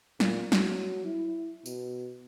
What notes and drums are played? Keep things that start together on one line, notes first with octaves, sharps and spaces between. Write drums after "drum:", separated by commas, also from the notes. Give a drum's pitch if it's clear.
A#2, drum: snare
F#3, drum: snare
E4
B2, drum: tambourine